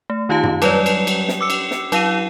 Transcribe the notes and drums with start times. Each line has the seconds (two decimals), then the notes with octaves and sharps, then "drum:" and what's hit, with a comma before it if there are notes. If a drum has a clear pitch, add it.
0.10 A3
0.29 D#3 D#4 F4 G4 F5 A5
0.43 drum: tom F#2
0.62 F#3 G3 B4 C#5 D5, drum: cymbal
0.86 drum: cymbal
1.07 drum: cymbal
1.28 drum: snare
1.41 D6 E6 C#7
1.50 drum: cymbal
1.71 drum: snare
1.92 F#3 E4 F5 E6 D#7, drum: cymbal